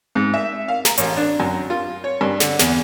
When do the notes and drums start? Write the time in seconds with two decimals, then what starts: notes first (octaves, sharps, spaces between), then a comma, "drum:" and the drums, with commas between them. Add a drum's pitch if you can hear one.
0.15 G#2
0.34 E5
0.68 F5
0.85 A#5, drum: snare
0.98 A1, drum: hi-hat
1.17 D4
1.40 F#2
1.70 F4
2.04 C#5
2.21 G2
2.40 D3, drum: snare
2.59 E2, drum: snare